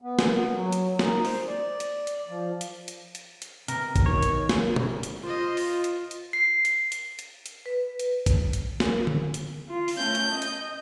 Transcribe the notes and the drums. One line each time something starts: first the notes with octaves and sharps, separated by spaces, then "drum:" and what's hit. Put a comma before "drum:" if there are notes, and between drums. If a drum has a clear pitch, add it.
B3
drum: snare
F#3
drum: hi-hat
D#4, drum: snare
C5, drum: open hi-hat
D5
drum: hi-hat
drum: hi-hat
F3
drum: hi-hat
drum: hi-hat
drum: hi-hat
drum: hi-hat
C3 B3 A#4, drum: hi-hat
drum: kick, hi-hat
B2 D#3 C#5
drum: hi-hat
drum: snare
drum: tom
drum: hi-hat
F4 C5 D#5
drum: open hi-hat
drum: hi-hat
drum: hi-hat
C7
drum: hi-hat
drum: hi-hat
drum: hi-hat
drum: hi-hat
B4
drum: hi-hat
drum: kick, hi-hat
drum: hi-hat
drum: snare
drum: tom D3
drum: hi-hat
F4
drum: open hi-hat
A3 C#4 G6
drum: hi-hat
D#5
drum: hi-hat